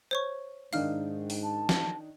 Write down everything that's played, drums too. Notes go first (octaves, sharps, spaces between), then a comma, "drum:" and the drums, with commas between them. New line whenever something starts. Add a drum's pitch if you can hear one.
C5 C#5 C#6
G#2 D#3 D4 D#4 F5 F6, drum: open hi-hat
drum: open hi-hat
A5
drum: snare